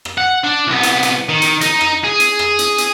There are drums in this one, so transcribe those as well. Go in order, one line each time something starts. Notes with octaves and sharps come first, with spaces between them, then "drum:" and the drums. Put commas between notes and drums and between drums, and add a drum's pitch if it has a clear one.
drum: rim click
F#5
D4
C2 B3
drum: hi-hat
drum: hi-hat
D#3
drum: hi-hat
D#4, drum: hi-hat
drum: rim click
G#4
drum: hi-hat
drum: rim click
drum: hi-hat
drum: hi-hat